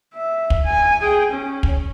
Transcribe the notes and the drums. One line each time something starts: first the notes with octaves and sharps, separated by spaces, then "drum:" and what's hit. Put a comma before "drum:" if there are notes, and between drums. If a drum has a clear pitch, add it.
E5
drum: kick
G#5
G#4 G5
C#4
drum: kick